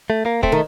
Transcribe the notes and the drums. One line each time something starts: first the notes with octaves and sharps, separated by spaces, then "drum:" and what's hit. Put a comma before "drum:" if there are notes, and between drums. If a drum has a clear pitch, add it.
A3
A#3
A3 C4, drum: kick
D#3